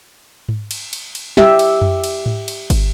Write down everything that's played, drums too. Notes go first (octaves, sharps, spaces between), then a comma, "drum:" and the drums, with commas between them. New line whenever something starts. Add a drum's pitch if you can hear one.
drum: tom G#2
drum: cymbal
drum: cymbal
drum: cymbal
G4 E5, drum: snare
drum: cymbal
drum: tom F2
drum: cymbal
drum: tom G#2
drum: cymbal
drum: kick G1, cymbal